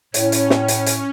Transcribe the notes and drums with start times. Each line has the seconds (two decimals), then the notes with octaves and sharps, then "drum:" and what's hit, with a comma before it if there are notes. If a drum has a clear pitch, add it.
0.14 A2 C#4 C#5, drum: hi-hat
0.32 drum: hi-hat
0.50 drum: snare
0.68 drum: hi-hat
0.86 drum: hi-hat